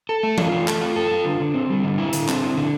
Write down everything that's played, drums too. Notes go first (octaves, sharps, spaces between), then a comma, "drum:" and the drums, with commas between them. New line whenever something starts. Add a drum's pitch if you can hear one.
A4
A3
F4, drum: tom E3
A3
A4, drum: clap
F4
A4
F4
D3
D3
C4
G3
D3
E4
D3, drum: hi-hat
C4, drum: clap
E4
D3